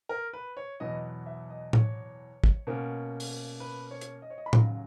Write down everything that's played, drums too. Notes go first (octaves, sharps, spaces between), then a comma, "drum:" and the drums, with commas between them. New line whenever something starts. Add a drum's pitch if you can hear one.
A#4
B4
C#5
E2 B2 F#3 B3 D#5
E5
D#5
C#5, drum: tom A2
drum: kick
B2 A#3 C#4
drum: open hi-hat
B4
C#5
drum: hi-hat
D#5
C#5
D#5
B5
D#2 C#3 F#3 A#5, drum: tom A2